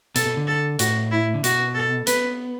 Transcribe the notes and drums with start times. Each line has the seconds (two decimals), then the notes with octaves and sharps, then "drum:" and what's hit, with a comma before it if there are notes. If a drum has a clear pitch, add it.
0.16 B2 A4, drum: hi-hat
0.26 B2
0.37 D3
0.47 A4
0.79 A2 F#4, drum: hi-hat
1.12 E4
1.34 D3
1.44 B2 F#4, drum: hi-hat
1.75 A4
2.07 B3 B4, drum: hi-hat